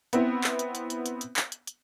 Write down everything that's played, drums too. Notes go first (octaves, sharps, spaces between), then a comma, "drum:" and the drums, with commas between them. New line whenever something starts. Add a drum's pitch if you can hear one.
B3 C4 E4, drum: hi-hat
drum: clap
drum: hi-hat
drum: hi-hat
drum: hi-hat
drum: hi-hat
drum: hi-hat
drum: clap
drum: hi-hat
drum: hi-hat